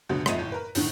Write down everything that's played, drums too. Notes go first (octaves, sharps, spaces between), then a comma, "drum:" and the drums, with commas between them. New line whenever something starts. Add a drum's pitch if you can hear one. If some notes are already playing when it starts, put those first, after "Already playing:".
C#2 F#2 B2 D3
G#1 F2 A3 D#5 D#7, drum: rim click
F#1 A2
A#4 B4
A2 D3 D#3, drum: open hi-hat